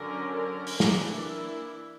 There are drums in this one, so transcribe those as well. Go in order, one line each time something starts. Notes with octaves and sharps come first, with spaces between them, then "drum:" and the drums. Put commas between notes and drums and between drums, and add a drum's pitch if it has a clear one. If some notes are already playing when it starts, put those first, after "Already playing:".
Already playing: D3 F#3 C#4 A#4
A#4
drum: open hi-hat
E3 A#3 D4 G4, drum: snare
E4